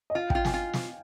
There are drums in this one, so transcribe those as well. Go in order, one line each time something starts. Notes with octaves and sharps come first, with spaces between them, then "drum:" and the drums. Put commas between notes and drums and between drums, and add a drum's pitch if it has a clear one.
D#5
F4 F5
F4 G5, drum: kick
G#5, drum: snare
F4
drum: snare